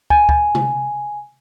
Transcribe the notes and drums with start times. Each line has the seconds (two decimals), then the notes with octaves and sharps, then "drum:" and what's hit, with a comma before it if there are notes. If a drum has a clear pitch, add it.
0.10 G#5, drum: kick
0.29 drum: kick
0.55 drum: tom C3